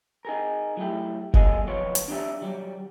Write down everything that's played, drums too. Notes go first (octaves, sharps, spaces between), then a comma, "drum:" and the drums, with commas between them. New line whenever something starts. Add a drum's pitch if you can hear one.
D#4 G#4 A#4
F#3 A3 E4 G4
F#3 G3 A#3 G#4 A4 D#5, drum: kick F#1
B1 D#3 F3 B3 F4 C#5
drum: hi-hat
D4 D#4 G4 C5 D5 E5
D#2 F#3 G3